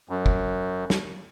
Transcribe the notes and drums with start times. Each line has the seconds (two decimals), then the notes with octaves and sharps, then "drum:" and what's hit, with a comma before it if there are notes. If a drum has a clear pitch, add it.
0.09 F#2
0.26 drum: kick
0.90 drum: snare